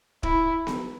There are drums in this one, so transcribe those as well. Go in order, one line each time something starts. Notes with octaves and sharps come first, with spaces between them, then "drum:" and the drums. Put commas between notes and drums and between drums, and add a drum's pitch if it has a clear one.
E4, drum: kick D1
drum: snare B3